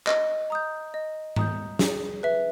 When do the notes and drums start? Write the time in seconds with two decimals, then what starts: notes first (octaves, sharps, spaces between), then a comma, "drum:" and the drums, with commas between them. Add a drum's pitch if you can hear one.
0.07 D#5, drum: clap
0.50 A#5 D#6 G6
0.94 D#5
1.36 A#5 D#6 G6, drum: tom G#2
1.79 G#4, drum: snare
2.23 B4 E5